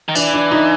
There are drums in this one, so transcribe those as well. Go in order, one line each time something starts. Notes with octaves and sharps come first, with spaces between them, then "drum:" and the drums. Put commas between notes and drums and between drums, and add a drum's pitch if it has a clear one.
D#3
E3 D4, drum: tambourine
D4
D#4